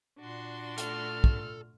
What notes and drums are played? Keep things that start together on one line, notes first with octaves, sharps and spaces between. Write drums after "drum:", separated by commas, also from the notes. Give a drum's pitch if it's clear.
A#2 D4 F#4 C6
A3 A4 F6, drum: hi-hat
drum: kick